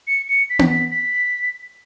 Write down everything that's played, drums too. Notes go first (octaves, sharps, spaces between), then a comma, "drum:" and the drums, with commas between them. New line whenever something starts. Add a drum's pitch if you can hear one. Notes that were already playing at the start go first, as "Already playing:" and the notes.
C#7
C#7
B6
drum: tom B3
B6
B6